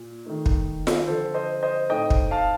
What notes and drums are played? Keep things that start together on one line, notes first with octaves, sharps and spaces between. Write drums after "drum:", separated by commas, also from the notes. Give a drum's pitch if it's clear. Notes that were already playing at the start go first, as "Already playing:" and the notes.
Already playing: A#2
D#3 A3 D#4
drum: kick
drum: snare F4
D3 F3 C4 A4 C5
C5 D#5
C5 D#5
A2 A3 C4 D#4 D#5 G5
drum: kick
F5 A5